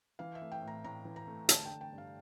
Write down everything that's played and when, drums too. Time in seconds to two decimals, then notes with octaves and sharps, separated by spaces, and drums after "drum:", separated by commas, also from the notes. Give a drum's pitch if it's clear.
0.19 E3 F5
0.35 E5
0.42 A3
0.52 G5
0.62 A2
0.67 A#5
0.84 A2 A#5
1.05 E3
1.16 A#5
1.27 A3
1.49 D3 A5, drum: hi-hat
1.65 G5
1.71 A3
1.81 G5
1.93 G2
1.98 F5